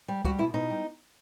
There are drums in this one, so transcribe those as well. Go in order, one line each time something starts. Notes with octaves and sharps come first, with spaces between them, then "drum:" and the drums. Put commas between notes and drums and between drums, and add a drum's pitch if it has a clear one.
G3
G3 F#4, drum: kick
B2 E4
B2 D#4
G3